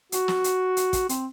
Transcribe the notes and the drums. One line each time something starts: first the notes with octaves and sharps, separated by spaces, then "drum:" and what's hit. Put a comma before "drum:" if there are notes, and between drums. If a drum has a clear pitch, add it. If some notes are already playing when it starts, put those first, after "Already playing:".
F#4, drum: hi-hat
drum: snare
drum: hi-hat
drum: hi-hat
drum: kick, hi-hat
C4, drum: hi-hat